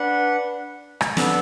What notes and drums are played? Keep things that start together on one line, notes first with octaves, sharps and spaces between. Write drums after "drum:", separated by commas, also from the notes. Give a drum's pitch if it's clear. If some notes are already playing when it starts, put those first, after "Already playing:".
Already playing: D4 B4 F#5
drum: rim click
B3 D4 A4, drum: snare